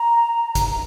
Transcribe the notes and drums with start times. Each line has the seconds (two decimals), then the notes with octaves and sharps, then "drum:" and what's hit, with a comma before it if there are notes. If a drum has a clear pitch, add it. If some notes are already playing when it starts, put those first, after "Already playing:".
Already playing: A#5
0.55 drum: kick, hi-hat